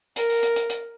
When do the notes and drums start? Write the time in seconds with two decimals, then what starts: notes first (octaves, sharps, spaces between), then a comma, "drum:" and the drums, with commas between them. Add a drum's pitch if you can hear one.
0.16 A#4, drum: hi-hat
0.29 drum: open hi-hat
0.43 drum: hi-hat
0.56 drum: hi-hat
0.70 drum: hi-hat